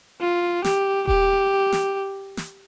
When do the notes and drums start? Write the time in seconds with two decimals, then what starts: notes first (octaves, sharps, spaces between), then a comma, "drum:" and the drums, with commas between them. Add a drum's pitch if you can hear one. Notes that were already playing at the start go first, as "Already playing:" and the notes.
0.21 F4
0.64 G4, drum: snare
1.07 G4, drum: kick D#1
1.72 drum: snare
2.37 drum: snare